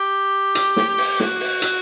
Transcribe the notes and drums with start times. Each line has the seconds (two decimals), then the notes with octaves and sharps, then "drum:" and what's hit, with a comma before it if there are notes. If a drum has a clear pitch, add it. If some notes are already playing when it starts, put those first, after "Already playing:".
Already playing: G4
0.55 drum: hi-hat
0.76 drum: snare
0.98 drum: open hi-hat
1.20 F#4, drum: snare
1.40 drum: open hi-hat
1.62 drum: hi-hat